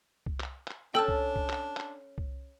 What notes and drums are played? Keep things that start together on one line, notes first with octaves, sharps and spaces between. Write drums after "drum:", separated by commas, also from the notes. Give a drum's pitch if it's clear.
drum: kick C2
drum: clap
drum: clap
C#4 D4 A4 G5 A5 E6
drum: kick C2
drum: kick C2
drum: clap
drum: clap
drum: kick C2